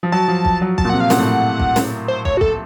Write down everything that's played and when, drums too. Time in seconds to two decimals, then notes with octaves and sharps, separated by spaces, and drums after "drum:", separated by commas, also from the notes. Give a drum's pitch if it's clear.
0.03 F3
0.12 F#3 A5
0.28 F3
0.45 drum: kick
0.61 F#3
0.78 A5, drum: kick
0.85 A#2
0.90 C3 F#5
1.00 F5
1.10 A#2 F#5, drum: snare
1.19 A2
1.27 A#2
1.60 drum: kick
1.76 drum: snare
2.08 C5
2.25 C#5, drum: kick
2.37 F#4
2.41 A4, drum: kick